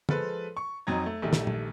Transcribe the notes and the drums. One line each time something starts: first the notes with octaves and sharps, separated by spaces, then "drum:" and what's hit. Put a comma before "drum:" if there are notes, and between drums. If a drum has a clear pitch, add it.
F3 G#3 A4 B4, drum: tom
C#6
F2 F#3 D#4 A#5 G#6
A3
A#1 D#3 G3 A3
drum: snare
drum: tom A#2